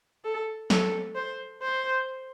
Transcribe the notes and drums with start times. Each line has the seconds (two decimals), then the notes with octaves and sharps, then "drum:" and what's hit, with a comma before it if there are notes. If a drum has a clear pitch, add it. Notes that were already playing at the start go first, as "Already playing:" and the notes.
0.24 A4
0.70 A4, drum: snare
1.15 C5
1.62 C5